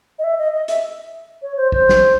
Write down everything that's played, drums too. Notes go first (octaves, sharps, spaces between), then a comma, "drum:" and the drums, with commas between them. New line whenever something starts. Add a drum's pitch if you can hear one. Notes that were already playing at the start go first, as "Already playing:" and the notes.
D#5
E5
D#5
D#5
E5, drum: hi-hat
C#5
C5
C5, drum: kick
drum: snare